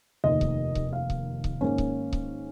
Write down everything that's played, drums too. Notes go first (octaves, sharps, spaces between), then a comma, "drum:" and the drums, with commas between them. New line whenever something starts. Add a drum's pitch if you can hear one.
F1 D#2 D#3 D#5
drum: kick C#1
drum: kick C#1
F5
drum: kick C#1
drum: kick C#1
G#2 D#3 A#3 C#4
drum: kick C#1
drum: kick C#1